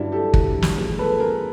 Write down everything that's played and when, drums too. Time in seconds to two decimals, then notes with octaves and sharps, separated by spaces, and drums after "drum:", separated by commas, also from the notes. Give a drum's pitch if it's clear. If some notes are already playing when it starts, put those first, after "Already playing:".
Already playing: G2 D3 F#3 D4 E4
0.12 G4 A4
0.34 drum: kick
0.62 drum: snare
0.76 A#2 F3 G#3
0.99 A4 B4
1.20 G#4 A#4